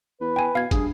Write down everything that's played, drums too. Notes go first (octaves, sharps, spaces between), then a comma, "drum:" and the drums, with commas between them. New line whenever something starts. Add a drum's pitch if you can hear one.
E2 B4
G5 G#5
B2 F5 G#6
G2 G#4, drum: kick, hi-hat